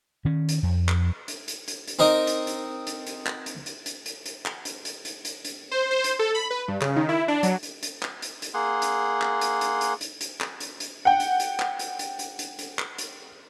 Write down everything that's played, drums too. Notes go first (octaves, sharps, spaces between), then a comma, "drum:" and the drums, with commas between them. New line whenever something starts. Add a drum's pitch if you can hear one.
D#3 C#4
drum: hi-hat
F2
drum: clap
drum: hi-hat
drum: hi-hat
drum: hi-hat
drum: hi-hat
C4 D#4 A#4 D#5
drum: hi-hat
drum: hi-hat
drum: hi-hat
drum: hi-hat
drum: clap
drum: hi-hat
drum: hi-hat
drum: hi-hat
drum: hi-hat
drum: hi-hat
drum: clap
drum: hi-hat
drum: hi-hat
drum: hi-hat
drum: hi-hat
drum: hi-hat
C5
C5
drum: hi-hat
A4
B5
B4
G2
C#3, drum: clap
D#3
E4
D4
F#3, drum: hi-hat
drum: hi-hat
drum: hi-hat
drum: clap
drum: hi-hat
drum: hi-hat
A#3 G#4 F#5 C6
drum: hi-hat
drum: clap
drum: hi-hat
drum: hi-hat
drum: hi-hat
drum: hi-hat
drum: hi-hat
drum: clap
drum: hi-hat
drum: hi-hat
F#5 G5
drum: hi-hat
drum: hi-hat
drum: clap
drum: hi-hat
drum: hi-hat
drum: hi-hat
drum: hi-hat
drum: hi-hat
drum: clap
drum: hi-hat